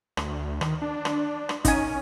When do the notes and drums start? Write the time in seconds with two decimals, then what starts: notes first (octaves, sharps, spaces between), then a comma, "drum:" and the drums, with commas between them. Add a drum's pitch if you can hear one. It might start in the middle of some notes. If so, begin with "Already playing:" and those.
0.17 D2, drum: rim click
0.61 D#3, drum: rim click
0.82 D4
1.05 drum: rim click
1.49 drum: rim click
1.65 C#4 D#4 G#5, drum: kick, hi-hat